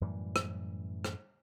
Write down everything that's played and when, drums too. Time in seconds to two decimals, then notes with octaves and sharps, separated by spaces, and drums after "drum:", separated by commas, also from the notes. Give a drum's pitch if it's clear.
0.01 F#2 A2 E3 G3
0.36 drum: rim click
1.05 drum: rim click